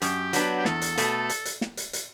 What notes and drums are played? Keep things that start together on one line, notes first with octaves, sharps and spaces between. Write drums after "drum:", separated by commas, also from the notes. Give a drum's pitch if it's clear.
F#2 G4, drum: hi-hat
F#3 B3 D4, drum: hi-hat
G4
E2 A4, drum: snare
drum: hi-hat
B2 A3, drum: hi-hat
drum: hi-hat
drum: hi-hat
drum: snare
drum: hi-hat
drum: hi-hat